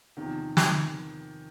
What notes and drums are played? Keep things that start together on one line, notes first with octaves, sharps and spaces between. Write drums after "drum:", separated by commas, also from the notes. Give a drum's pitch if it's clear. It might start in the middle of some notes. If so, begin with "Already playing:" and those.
E2 C3 D#3 F3
drum: snare